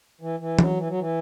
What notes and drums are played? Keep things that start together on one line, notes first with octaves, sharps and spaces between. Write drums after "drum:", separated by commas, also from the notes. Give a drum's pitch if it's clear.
E3
E3
F#3, drum: tom E3
E3
F#3
E3